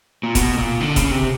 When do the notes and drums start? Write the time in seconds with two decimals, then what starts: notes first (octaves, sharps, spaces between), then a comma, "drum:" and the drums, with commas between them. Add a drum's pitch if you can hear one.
0.23 A#2
0.35 B2, drum: kick E1, hi-hat
0.58 A#2
0.81 D3
0.96 C#3, drum: kick E1, hi-hat
1.11 C3